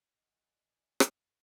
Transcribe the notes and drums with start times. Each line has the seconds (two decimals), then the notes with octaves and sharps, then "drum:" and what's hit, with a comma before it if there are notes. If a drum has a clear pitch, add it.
0.15 A1 C#4 D5 D#5 F#5 G#5
1.00 F1 B1 F#2, drum: rim click